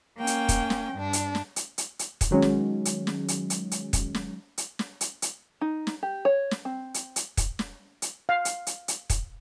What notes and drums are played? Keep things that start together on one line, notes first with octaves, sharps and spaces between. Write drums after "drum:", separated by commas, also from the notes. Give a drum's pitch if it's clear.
A#3 C#4 G5
drum: hi-hat
drum: kick, hi-hat
drum: snare
G2 D4
drum: hi-hat
drum: snare
drum: hi-hat
drum: hi-hat
drum: hi-hat
drum: kick, hi-hat
D#3 F#3 G#3 C#4
drum: snare
drum: hi-hat
drum: snare
drum: hi-hat
drum: hi-hat
drum: hi-hat
drum: kick, hi-hat
drum: snare
drum: hi-hat
drum: snare
drum: hi-hat
drum: hi-hat
D#4
drum: snare
G4
C#5
drum: snare
C4
drum: hi-hat
drum: hi-hat
drum: kick, hi-hat
drum: snare
drum: hi-hat
F5
drum: hi-hat
drum: hi-hat
drum: hi-hat
drum: kick, hi-hat